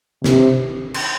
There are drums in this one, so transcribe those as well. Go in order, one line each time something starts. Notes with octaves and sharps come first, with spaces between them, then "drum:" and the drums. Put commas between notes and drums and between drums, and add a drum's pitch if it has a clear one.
C3, drum: snare
drum: cymbal